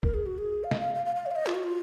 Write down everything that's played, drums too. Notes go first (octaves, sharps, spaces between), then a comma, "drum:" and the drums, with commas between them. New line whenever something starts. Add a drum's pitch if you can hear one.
A#4, drum: kick
G#4
F#4
G#4
F5
D#5, drum: snare
F5
F5
F5
F5
C#5
F5
D#5
F4, drum: clap
F#4
F4